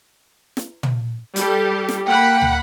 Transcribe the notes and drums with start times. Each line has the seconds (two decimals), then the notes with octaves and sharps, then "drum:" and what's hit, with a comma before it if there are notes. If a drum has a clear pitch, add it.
0.57 drum: snare
0.83 drum: tom
1.36 G3 G4 A4, drum: hi-hat
1.89 drum: snare
2.06 A#3 F#5 G5 B5
2.41 drum: tom